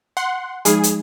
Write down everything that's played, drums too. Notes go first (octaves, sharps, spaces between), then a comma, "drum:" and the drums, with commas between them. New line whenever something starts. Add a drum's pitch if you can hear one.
F#5 C6
F3 G#3 D#4 G#4, drum: hi-hat
drum: hi-hat